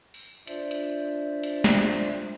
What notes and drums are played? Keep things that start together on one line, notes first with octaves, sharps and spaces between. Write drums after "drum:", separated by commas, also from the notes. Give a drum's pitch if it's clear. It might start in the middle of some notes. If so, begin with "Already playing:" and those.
drum: open hi-hat
D4 F4 C5 D5 E5, drum: hi-hat
drum: hi-hat
drum: hi-hat
drum: snare